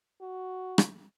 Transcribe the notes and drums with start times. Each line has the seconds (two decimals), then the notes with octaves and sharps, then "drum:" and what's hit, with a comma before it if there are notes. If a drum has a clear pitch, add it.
0.21 F#4
0.78 drum: rim click